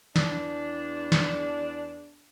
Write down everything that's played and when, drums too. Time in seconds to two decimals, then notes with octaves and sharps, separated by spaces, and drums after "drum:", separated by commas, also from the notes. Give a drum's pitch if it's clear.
0.16 E2 D4, drum: snare
1.12 drum: snare